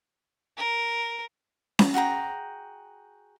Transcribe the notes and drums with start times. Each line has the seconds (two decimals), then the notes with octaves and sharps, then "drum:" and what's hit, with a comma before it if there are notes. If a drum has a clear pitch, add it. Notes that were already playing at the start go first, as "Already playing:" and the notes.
0.58 A#4
1.79 drum: snare C#4
1.94 F#4 G#4 G5 A#5